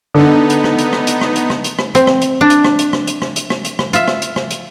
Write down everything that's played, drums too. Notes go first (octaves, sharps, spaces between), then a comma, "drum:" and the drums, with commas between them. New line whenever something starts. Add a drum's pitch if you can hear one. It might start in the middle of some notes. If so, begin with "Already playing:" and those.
D3 B3 D#4
drum: hi-hat
drum: rim click
drum: hi-hat
drum: rim click
drum: hi-hat
drum: rim click
drum: hi-hat
drum: rim click
drum: hi-hat
drum: rim click
C4, drum: hi-hat
drum: rim click
drum: hi-hat
D4
drum: hi-hat
drum: rim click
drum: hi-hat
drum: rim click
drum: hi-hat
drum: rim click
drum: hi-hat
drum: rim click
drum: hi-hat
drum: rim click
F4 E5, drum: hi-hat
drum: rim click
drum: hi-hat
drum: rim click
drum: hi-hat